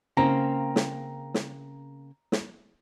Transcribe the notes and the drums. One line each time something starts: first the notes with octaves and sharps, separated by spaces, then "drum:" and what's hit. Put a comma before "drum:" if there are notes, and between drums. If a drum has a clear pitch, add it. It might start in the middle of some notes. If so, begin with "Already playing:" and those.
C#3 A#3 C4 A#5
drum: snare
drum: snare
drum: snare